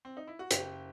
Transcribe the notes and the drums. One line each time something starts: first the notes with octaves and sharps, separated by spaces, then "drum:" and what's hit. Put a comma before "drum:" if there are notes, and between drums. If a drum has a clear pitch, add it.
C4
D#4
E4
F#4
F#1 G4, drum: hi-hat